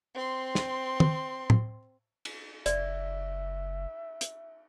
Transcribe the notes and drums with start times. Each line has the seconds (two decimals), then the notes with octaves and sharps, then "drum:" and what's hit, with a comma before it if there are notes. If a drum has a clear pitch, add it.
0.15 C4 C6
0.55 drum: snare
1.00 drum: tom
1.50 drum: tom
2.25 drum: cymbal
2.66 F#1 D5 E5, drum: hi-hat
4.21 drum: hi-hat